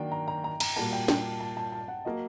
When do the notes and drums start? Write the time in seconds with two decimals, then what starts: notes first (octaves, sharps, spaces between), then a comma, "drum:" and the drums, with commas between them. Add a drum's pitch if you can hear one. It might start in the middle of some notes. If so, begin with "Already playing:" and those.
Already playing: D#3 F#3 A#3 D4 F#4 G5
0.12 A#5
0.28 A#5
0.44 A#5
0.60 A#5, drum: cymbal
0.76 A#2 G3 A#3 F#4 A5
0.93 G5
1.08 G5, drum: snare
1.40 A5
1.57 A5
1.72 A5
1.88 F#5
2.05 F#3 A#3 D#5